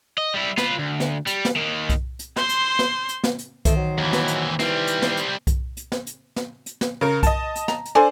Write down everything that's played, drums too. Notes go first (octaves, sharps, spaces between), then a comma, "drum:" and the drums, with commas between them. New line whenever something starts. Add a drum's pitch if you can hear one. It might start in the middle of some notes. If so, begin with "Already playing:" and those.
D#5
G3 E4
F4 B4, drum: snare
D2
drum: snare
G3, drum: hi-hat
drum: snare
D#3 A#3
drum: kick B1, hi-hat
drum: hi-hat
C5 C6, drum: snare
drum: hi-hat
drum: snare
drum: hi-hat
drum: snare
drum: hi-hat
D#3 A3 C5, drum: kick B1, hi-hat
F#3
D#2 E3
drum: snare
drum: hi-hat
E3 G3 C4, drum: snare
drum: hi-hat
drum: snare
drum: hi-hat
drum: kick B1, hi-hat
drum: hi-hat
drum: snare
drum: hi-hat
drum: snare
drum: hi-hat
drum: snare
C#3 A#4
D#5 A5, drum: kick B1, hi-hat
drum: hi-hat
A#5, drum: snare
drum: hi-hat
D4 A4 C5 G#5